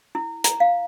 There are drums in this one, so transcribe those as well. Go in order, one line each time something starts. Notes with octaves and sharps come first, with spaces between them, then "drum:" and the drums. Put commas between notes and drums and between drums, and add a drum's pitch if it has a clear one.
E4
A#5, drum: hi-hat
F5